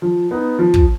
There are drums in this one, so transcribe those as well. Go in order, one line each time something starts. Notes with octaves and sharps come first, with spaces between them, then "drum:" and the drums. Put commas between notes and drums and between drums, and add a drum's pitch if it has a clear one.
F3
B3 D#4
F3
drum: kick